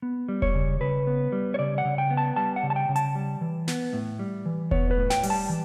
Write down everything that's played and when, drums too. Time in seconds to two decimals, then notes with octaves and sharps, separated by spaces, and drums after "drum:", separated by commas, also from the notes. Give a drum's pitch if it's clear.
0.02 B3
0.29 G3
0.42 C#5, drum: kick E1
0.55 C#3
0.81 C#3 B4
1.07 B3
1.32 G3
1.54 C#5
1.59 C#3 D5
1.78 F#5
1.85 C#3
1.98 G5
2.11 B3
2.17 A5
2.36 G3 A5
2.56 F#5
2.63 C#3
2.70 A5
2.76 G5
2.89 C#3
2.96 A5, drum: hi-hat
3.15 G3
3.41 E3
3.68 B3, drum: snare
3.93 A2
4.19 G3
4.46 E3
4.71 B3 C#5, drum: kick E1
4.91 B4
4.97 A2
5.10 G5, drum: snare
5.23 G3, drum: open hi-hat
5.30 A5
5.49 E3